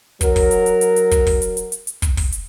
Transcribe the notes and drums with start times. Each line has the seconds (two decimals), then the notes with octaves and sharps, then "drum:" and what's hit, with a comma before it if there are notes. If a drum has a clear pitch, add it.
0.21 F#3 A#4, drum: kick, hi-hat
0.36 drum: kick, open hi-hat
0.51 drum: hi-hat
0.66 drum: hi-hat
0.81 drum: hi-hat
0.96 drum: hi-hat
1.11 drum: kick, hi-hat
1.27 drum: kick, open hi-hat
1.42 drum: hi-hat
1.57 drum: hi-hat
1.72 drum: hi-hat
1.87 drum: hi-hat
2.02 drum: kick, hi-hat
2.17 drum: kick, open hi-hat
2.32 drum: hi-hat